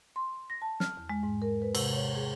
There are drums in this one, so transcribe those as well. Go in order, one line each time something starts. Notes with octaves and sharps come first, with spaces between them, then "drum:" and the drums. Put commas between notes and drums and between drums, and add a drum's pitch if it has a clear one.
C6
A#6
A5
F6, drum: snare
E2
G#3
G#2
A#4
B4
C3, drum: cymbal
C#5
G#4